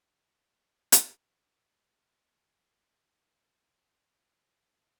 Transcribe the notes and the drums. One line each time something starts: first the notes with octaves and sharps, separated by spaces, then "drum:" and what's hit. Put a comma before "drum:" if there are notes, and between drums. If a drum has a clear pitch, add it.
D4
B3
drum: hi-hat
F#4 C#5
A#2 D3
A#4
B2 G3